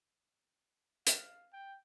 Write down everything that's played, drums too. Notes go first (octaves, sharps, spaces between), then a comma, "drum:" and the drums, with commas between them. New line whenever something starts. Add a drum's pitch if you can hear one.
F5, drum: hi-hat
G5